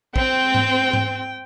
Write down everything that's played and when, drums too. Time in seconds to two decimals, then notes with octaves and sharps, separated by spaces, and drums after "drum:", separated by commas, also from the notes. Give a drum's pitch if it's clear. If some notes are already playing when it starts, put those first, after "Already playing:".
0.16 C4 G5, drum: kick
0.54 drum: tom G#2
0.93 drum: tom G#2